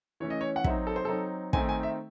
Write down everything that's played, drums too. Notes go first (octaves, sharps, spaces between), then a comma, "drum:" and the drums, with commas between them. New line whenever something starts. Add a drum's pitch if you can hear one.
E3 A3 C#4 C#5
D#5
C#5
F#5
F#3 C4 D#4 E5, drum: kick
A4
C5
F#3 C4 D#4 A4
D#3 A3 C4 D#4 G#5, drum: kick
G#5
E5